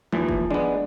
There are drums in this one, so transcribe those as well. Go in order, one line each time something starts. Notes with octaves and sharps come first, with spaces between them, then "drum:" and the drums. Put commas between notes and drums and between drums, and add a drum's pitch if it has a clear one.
D#2 E3 F3
drum: kick
G#3 B3 D4